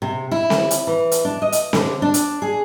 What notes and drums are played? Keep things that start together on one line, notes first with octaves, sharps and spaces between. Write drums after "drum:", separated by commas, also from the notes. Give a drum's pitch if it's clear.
C3
E4
drum: snare C4
drum: hi-hat
E3
drum: hi-hat
D4
D#5
drum: hi-hat
D3, drum: snare C4
D4
drum: hi-hat
G#4